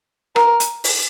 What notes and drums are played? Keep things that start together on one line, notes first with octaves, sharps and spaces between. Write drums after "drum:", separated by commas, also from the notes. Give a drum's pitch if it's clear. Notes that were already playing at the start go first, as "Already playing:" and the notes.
A#4, drum: rim click
drum: hi-hat
drum: open hi-hat